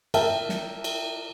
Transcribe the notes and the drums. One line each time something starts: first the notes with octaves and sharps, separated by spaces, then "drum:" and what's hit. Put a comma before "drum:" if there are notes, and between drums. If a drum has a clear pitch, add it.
A#4 E5 G5 A5, drum: cymbal
drum: snare
drum: cymbal